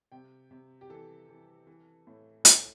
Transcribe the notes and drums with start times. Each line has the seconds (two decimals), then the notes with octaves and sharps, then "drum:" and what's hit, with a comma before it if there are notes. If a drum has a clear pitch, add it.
0.12 C3 G5
0.51 C3
0.81 G4
0.90 E3 A4
1.29 E3
1.67 E3
2.07 A2
2.45 A2, drum: hi-hat